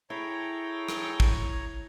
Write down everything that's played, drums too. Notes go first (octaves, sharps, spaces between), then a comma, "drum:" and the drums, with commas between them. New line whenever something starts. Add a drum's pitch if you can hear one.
E4 G#4 A4 C#5 G5 A#5
drum: rim click
drum: kick